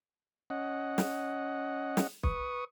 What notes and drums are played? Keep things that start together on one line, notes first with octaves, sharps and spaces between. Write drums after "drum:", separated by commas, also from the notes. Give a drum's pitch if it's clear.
C#4 D#5 F#5
drum: snare
drum: snare
B4 C#6 D#6, drum: kick